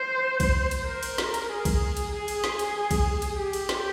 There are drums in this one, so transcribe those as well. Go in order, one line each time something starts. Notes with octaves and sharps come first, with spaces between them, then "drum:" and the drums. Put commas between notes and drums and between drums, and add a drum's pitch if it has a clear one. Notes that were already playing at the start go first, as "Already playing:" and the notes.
Already playing: C5
drum: kick A#1, cymbal
drum: cymbal
A#4
drum: cymbal
drum: snare
drum: cymbal
G#4
drum: kick A#1, cymbal
drum: cymbal
G#4
drum: cymbal
drum: snare
drum: cymbal
drum: kick A#1, cymbal
drum: cymbal
G4
drum: cymbal
drum: snare